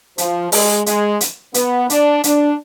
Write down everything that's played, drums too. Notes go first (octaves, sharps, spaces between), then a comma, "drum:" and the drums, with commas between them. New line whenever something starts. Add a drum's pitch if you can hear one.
F3, drum: hi-hat
G#3, drum: open hi-hat
G#3, drum: hi-hat
drum: hi-hat
B3, drum: hi-hat
D4, drum: hi-hat
D4, drum: hi-hat